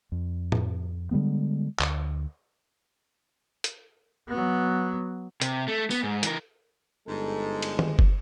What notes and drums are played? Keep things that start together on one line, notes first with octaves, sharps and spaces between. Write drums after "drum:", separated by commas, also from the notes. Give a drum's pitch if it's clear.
F2
drum: tom A2
D3 G3 G#3 B3
D2, drum: clap
drum: hi-hat
F#3 B3
C3, drum: hi-hat
A3
B3, drum: tambourine
G#2
E3 A#4, drum: hi-hat
G1 G#2 G#3 A4
drum: cymbal
drum: tom D#3
drum: kick